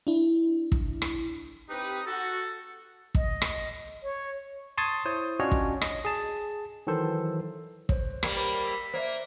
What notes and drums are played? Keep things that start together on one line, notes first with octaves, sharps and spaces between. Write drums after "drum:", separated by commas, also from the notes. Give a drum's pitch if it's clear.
D4 E4
drum: kick
drum: rim click
C4 D#4 G4 B4
F#4 A4
D#5, drum: kick
drum: rim click
C#5
A5 C6 C#6 D#6 G#6 A6
E4 C5 C#5 D#6
C#4 D4 F4 F#4 C#5 D#5
drum: kick
D#5, drum: rim click
G#4 A5
D#3 E3 F#3 A4 C5
C5 C#5, drum: kick
G3 A#3, drum: rim click
A#4 C5 B5
E6 B6
A#3 C5 D5 E5